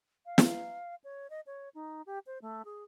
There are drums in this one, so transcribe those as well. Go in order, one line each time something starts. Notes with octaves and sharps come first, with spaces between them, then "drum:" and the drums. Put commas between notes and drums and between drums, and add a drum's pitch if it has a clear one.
F5
drum: snare
C#5
D#5
C#5
D#4
G4
C5
A3
G#4